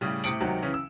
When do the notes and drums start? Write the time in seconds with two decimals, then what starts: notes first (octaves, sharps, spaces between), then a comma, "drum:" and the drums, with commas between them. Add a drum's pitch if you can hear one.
0.01 A2 C#3 G3
0.24 A2 C3 D#6 C#7 D7 F#7, drum: tambourine
0.40 C#2 C3 D#3 F#3
0.62 C#3 E3 C#4
0.74 E6